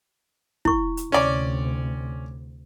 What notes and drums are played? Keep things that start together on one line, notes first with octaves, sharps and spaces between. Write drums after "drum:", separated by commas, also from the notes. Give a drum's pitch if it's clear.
E4 C#6, drum: kick
drum: hi-hat
D2 C3 C#4 D5